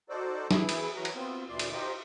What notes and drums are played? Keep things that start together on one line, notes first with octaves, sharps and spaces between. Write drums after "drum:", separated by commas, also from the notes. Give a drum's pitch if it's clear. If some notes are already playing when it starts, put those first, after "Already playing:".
D#4 F#4 A4 C5 D5
E3 B3 E4 G#4, drum: snare
drum: cymbal
E3 F#3 F#4 A#5
drum: cymbal
B3 C4 F4
D2 A#2 E3 D5 C6
drum: cymbal
D#4 F4 G4 C5 D#5